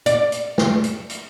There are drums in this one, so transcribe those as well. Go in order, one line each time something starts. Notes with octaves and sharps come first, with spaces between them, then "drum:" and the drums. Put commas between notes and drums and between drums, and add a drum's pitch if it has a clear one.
D5, drum: hi-hat
drum: hi-hat
drum: snare
drum: hi-hat
drum: hi-hat